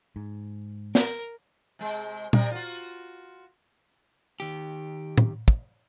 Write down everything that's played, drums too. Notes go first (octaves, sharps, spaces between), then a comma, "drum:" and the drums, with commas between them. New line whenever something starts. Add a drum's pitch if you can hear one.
G#2
A#4, drum: snare
C3 G#3
C3 G3 A#4, drum: tom
F4 F#4
D#3 G4
drum: tom A2
drum: kick